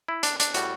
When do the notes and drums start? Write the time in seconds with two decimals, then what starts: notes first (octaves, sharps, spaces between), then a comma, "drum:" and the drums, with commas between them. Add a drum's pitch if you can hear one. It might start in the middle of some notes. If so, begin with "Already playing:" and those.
0.08 E4
0.23 D4, drum: hi-hat
0.40 D4, drum: hi-hat
0.54 A2 G3 F#4, drum: hi-hat